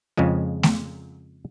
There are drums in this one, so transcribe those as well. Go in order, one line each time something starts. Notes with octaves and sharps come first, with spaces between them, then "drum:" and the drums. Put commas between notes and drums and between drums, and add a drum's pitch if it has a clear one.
F2 C#3 F3 G#3
drum: snare A3